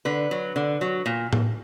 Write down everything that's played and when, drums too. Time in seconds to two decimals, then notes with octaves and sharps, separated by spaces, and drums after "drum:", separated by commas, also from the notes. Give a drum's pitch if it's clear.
0.05 D3 B4
0.31 F#3
0.56 D3
0.81 F#3
1.06 A#2
1.33 drum: tom A2